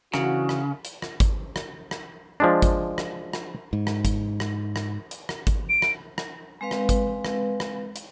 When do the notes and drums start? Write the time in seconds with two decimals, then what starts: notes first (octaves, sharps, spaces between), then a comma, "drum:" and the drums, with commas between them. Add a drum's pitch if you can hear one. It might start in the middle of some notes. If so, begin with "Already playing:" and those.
0.14 C#3 E3 D4 F#4, drum: rim click
0.49 drum: rim click
0.85 drum: hi-hat
1.02 drum: rim click
1.20 drum: kick G#1, hi-hat
1.56 drum: rim click
1.91 drum: rim click
2.40 F3 G#3 D4
2.62 drum: kick G#1, hi-hat
2.98 drum: rim click
3.33 drum: rim click
3.73 G#2
3.87 drum: rim click
4.05 drum: kick G#1, hi-hat
4.40 drum: rim click
4.76 drum: rim click
5.11 drum: hi-hat
5.29 drum: rim click
5.47 drum: kick G#1, hi-hat
5.69 D7
5.82 drum: rim click
6.18 drum: rim click
6.61 G#3 C4 B4 F5
6.71 drum: rim click
6.89 drum: kick G#1, hi-hat
7.25 drum: rim click
7.60 drum: rim click
7.96 drum: hi-hat